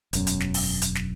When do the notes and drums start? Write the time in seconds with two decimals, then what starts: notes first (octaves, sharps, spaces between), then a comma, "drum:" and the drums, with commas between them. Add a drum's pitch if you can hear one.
0.13 E1 F#2, drum: hi-hat
0.27 drum: hi-hat
0.40 drum: snare
0.54 drum: open hi-hat
0.82 drum: hi-hat
0.95 drum: snare